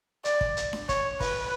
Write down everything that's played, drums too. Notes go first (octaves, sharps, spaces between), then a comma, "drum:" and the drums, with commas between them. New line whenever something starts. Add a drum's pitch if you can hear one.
D5, drum: hi-hat
drum: kick
drum: hi-hat
drum: snare D4
C#5, drum: kick, hi-hat
B4, drum: kick, open hi-hat